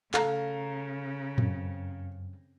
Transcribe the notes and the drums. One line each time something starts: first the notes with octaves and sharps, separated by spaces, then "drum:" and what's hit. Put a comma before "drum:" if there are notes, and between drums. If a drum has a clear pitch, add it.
C#3 A4 F5 A#5, drum: clap
F#2 C4, drum: tom A2